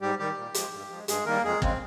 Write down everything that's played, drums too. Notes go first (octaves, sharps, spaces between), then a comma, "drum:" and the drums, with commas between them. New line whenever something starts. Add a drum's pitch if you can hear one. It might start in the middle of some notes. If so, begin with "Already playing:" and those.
G#2 G3 G4
D#3 G3 G4
A#2
F3 G#3, drum: hi-hat
G2
F3 G#3
G2 G#3 G#4, drum: hi-hat
D#3 G3 A#3 A#4
F2 G#3 G#4
C#3 G#3 C4, drum: kick